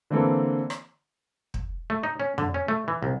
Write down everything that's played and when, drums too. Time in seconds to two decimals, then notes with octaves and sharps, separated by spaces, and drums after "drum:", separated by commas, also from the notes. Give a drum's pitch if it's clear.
0.10 D3 E3 A#3 C4 A4
0.70 drum: rim click
1.54 drum: kick
1.90 A3
2.03 D#4
2.20 C#4
2.38 D3, drum: tom F2
2.54 C#4
2.68 A3
2.88 E3
3.03 C2